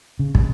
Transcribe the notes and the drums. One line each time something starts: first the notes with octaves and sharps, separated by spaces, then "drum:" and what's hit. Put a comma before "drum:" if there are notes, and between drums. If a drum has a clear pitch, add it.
C#3
drum: kick